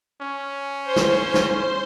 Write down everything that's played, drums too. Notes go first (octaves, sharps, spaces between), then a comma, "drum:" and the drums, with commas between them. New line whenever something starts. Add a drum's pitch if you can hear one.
C#4
C5 C6
drum: snare
drum: snare